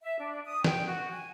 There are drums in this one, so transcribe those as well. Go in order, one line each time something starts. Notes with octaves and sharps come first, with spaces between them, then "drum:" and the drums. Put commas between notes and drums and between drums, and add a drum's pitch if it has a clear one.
E5
D4
D#6
G5, drum: snare
F#4
G#5